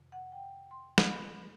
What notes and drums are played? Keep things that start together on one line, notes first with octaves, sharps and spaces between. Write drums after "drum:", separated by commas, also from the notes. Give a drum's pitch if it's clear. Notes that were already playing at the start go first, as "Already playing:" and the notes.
Already playing: F2 C3 D#3
F#5
G5
C6
drum: snare
B5